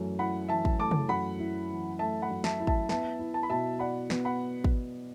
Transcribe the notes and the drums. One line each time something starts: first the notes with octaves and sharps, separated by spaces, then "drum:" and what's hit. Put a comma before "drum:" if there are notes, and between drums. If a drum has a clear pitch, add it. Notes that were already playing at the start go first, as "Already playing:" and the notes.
Already playing: F#2 E3 A3
E4 F#5 B5
E3 E5 A5
drum: kick
A3 A5 D6
drum: tom
F#2 F#5 B5
E4
E3
A3 E5 A5
F#5 B5
F#2
E5 A5, drum: snare
E4
E5 A5, drum: kick
B3 E5 A5, drum: snare
E4
A5
B5
B2 E5 A5
D5 F#5 B5
B3, drum: snare
F#5 B5
drum: kick